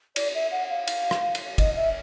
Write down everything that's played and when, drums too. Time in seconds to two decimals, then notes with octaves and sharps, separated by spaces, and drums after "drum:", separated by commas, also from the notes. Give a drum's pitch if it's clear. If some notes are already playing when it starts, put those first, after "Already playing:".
0.16 D5, drum: cymbal
0.35 E5
0.52 F#5
0.70 F5
0.87 drum: cymbal
1.11 drum: rim click
1.35 drum: cymbal
1.58 D#5, drum: kick, cymbal
1.76 E5